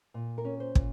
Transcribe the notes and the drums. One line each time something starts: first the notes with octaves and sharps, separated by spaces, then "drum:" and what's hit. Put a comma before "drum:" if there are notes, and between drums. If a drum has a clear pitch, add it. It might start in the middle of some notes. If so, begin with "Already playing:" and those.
A#2
A#4
C#4
C5
A#2, drum: kick